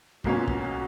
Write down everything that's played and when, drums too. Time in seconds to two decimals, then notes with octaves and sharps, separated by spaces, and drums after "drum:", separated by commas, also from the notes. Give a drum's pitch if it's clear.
0.24 B1 B2 A#3 C#4 F#4, drum: kick
0.36 F4
0.48 F#4, drum: kick